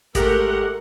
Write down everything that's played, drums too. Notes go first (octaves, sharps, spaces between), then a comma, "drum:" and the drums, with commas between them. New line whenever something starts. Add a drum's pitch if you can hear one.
G#3 A3 G4 A#4 F#5, drum: kick G#1, hi-hat